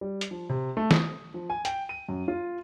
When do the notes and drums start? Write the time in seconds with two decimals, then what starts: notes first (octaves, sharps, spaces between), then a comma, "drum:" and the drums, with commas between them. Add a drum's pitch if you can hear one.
0.01 G3
0.21 drum: hi-hat
0.31 F3
0.49 C3
0.77 A3
0.91 D#6, drum: snare
1.34 F3
1.50 G#5
1.65 G5, drum: hi-hat
1.89 D#7
2.09 F#2
2.28 F4